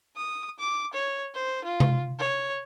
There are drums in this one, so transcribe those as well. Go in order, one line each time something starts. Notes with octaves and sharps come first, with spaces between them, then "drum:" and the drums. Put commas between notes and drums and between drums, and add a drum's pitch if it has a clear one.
D#6
D6
C#5
C5
F4
drum: tom C3
C#5